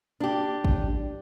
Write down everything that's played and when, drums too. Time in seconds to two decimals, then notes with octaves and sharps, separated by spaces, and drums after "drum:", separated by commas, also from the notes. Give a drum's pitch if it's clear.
0.20 D4 G4
0.64 drum: kick